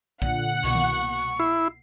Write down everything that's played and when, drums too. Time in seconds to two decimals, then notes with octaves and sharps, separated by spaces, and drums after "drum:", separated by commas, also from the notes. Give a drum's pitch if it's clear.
0.22 A#2 D3 F#5, drum: kick
0.64 C2 B2 A#3 C#6
0.75 drum: tom D#3
1.40 E4 C7